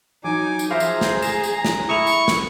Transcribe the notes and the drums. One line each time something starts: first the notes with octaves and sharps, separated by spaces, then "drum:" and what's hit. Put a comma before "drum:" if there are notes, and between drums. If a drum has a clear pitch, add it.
F#3 D#4 G#5 D6
drum: tambourine
F3 G#4 C5 E5 F5 A#5
drum: tambourine
drum: snare
A#5 E7, drum: tambourine
drum: tambourine
drum: snare
E4 C#6 D#6 E7 F7
drum: tambourine
drum: snare